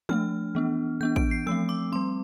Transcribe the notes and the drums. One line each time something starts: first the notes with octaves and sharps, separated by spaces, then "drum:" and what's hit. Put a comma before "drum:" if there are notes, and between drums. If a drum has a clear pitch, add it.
F3 A3 D4 F6, drum: tom
E3 B3 D4
E3 B3 D4 G6
D7, drum: kick A1
C7
F3 A3 C4 E6
D6
G3 C4 C6